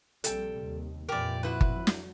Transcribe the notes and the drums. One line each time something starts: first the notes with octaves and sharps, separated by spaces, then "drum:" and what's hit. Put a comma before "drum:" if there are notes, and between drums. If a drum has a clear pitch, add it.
A#1 C3 G3 A4 G5, drum: hi-hat
D#2
F2 A#2 E3 G4 A#4 D5
F3 E4 F#4 B4
drum: kick G1
F#3
drum: snare